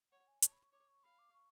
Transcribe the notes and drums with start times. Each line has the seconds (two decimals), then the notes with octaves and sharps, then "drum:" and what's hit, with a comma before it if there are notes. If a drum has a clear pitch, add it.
0.12 C#5 F#5
0.27 G#5
0.42 C#5 A5, drum: hi-hat
0.52 B5
0.63 C#6
0.72 C#5 D6
0.88 C#6
1.03 F5 B5
1.19 D6
1.33 C#6